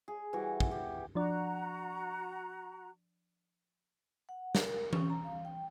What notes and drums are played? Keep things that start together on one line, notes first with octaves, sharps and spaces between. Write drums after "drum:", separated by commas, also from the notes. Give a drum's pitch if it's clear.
G#4
E3 G3 E4 F#4
drum: kick
G4
F3 D4 F#4 D5 A#5
F#5
A#4, drum: snare
C#4, drum: tom E3
A#5
F5
G5